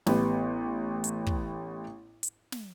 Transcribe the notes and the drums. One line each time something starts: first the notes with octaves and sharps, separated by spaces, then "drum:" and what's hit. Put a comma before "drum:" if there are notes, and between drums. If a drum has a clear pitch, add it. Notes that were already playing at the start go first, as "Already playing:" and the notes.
A1 B3 G4, drum: snare
drum: hi-hat
drum: kick
drum: hi-hat
drum: snare